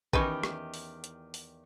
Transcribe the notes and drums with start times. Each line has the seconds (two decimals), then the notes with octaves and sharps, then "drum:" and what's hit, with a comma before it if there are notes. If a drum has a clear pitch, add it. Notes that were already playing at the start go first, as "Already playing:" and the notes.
0.13 E2 D#3 C#4 D#4 G4 B4, drum: kick A#1
0.43 drum: rim click
0.74 drum: open hi-hat
1.04 drum: hi-hat
1.34 drum: open hi-hat